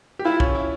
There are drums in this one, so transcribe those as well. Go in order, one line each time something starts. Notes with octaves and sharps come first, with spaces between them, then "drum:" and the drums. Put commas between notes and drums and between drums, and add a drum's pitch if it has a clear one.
G4
E4 F4
C#4, drum: kick
E4